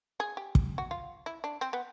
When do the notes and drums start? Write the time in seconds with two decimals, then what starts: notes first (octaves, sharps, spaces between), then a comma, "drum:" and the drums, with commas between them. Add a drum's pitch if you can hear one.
0.20 G#4
0.37 G4
0.55 drum: kick
0.78 F#4
0.91 F4
1.26 E4
1.44 D4
1.61 C4
1.73 B3